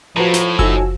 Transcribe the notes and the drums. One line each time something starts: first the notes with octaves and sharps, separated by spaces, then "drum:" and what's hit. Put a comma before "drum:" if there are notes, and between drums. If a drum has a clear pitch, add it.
A2 F3 F#4 B4 A#5
drum: snare
D#4 F#4 A4 G#5 E6, drum: kick F#1